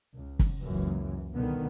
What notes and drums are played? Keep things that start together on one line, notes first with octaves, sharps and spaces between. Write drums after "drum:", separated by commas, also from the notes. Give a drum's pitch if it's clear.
C#2
drum: kick
F#1 C#2 F#2 E3
C2 B2 D3 D#3 B3